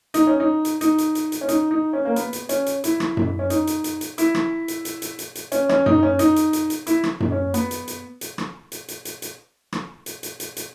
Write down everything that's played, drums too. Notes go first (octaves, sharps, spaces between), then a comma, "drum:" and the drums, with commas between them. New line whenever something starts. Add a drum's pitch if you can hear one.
D#4, drum: hi-hat
C#4
D#4
drum: hi-hat
D#4, drum: hi-hat
drum: hi-hat
drum: hi-hat
drum: hi-hat
C#4
D#4, drum: hi-hat
D#4
C#4
A#3
B3, drum: hi-hat
drum: hi-hat
C#4, drum: hi-hat
drum: hi-hat
E4, drum: hi-hat
drum: rim click
drum: tom F#2
C#4
D#4, drum: hi-hat
drum: hi-hat
drum: hi-hat
drum: hi-hat
E4, drum: hi-hat
drum: rim click
drum: hi-hat
drum: hi-hat
drum: hi-hat
drum: hi-hat
drum: hi-hat
C#4, drum: hi-hat
C#4, drum: rim click
D#4, drum: tom F#2
C#4
D#4, drum: hi-hat
drum: hi-hat
drum: hi-hat
drum: hi-hat
E4, drum: hi-hat
drum: rim click
drum: tom F#2
C#4
B3, drum: hi-hat
drum: hi-hat
drum: hi-hat
drum: hi-hat
drum: rim click
drum: hi-hat
drum: hi-hat
drum: hi-hat
drum: hi-hat
drum: rim click
drum: hi-hat
drum: hi-hat
drum: hi-hat
drum: hi-hat